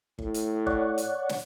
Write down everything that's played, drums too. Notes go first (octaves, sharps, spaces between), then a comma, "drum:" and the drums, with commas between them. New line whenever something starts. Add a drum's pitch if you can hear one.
A2, drum: kick G1
drum: hi-hat
C#5 D5 F#5, drum: kick G1
drum: hi-hat
drum: snare